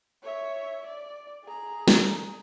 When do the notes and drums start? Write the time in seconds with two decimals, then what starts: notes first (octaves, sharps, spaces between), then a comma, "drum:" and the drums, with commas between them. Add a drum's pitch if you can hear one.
0.23 C#5 E5
0.86 D5
1.44 G#4 A#5
1.88 drum: snare